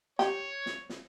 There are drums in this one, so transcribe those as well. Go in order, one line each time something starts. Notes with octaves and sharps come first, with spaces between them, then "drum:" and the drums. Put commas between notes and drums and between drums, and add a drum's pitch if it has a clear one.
G4 C#5, drum: snare
drum: snare
drum: snare